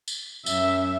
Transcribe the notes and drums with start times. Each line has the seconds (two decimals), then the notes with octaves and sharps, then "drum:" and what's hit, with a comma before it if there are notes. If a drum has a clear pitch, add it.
0.08 drum: tambourine
0.46 F#2 E5, drum: tambourine